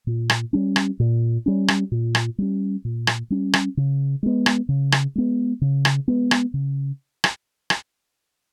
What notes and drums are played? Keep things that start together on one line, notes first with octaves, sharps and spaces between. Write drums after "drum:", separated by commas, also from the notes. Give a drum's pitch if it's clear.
A#2
drum: rim click
G3 C#4
drum: rim click
A#2
G3 C#4
drum: rim click
A#2
drum: rim click
G3 C#4
A#2
drum: rim click
G3 C#4
drum: rim click
C#3
G#3 B3
drum: rim click
C#3
drum: rim click
G#3 B3
C#3
drum: rim click
G#3 B3
drum: rim click
C#3
drum: rim click
drum: rim click